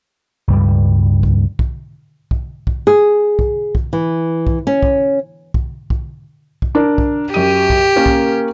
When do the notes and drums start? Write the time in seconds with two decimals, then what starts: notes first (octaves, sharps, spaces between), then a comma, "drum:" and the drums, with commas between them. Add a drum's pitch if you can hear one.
0.48 C#2 G2 G3
1.23 drum: kick
1.59 drum: kick
2.31 drum: kick
2.67 drum: kick
2.87 G#4
3.39 drum: kick
3.75 drum: kick
3.93 E3
4.47 drum: kick
4.67 C#4
4.83 drum: kick
5.54 drum: kick
5.90 drum: kick
6.62 drum: kick
6.75 D4 A#4
6.98 drum: kick
7.34 F#2 G4 D#7
7.70 drum: kick
7.96 A#3 C#4 A#4
8.06 drum: kick